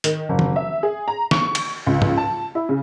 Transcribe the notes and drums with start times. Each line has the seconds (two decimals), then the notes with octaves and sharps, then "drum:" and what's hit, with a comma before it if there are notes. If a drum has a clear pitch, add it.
0.04 D#3, drum: hi-hat
0.29 F#1
0.39 drum: tom
0.56 E5
0.83 G#4
1.08 A#5
1.31 C#6, drum: snare
1.55 drum: cymbal
1.87 C#2
2.02 drum: tom
2.17 A5
2.55 E4
2.69 C#3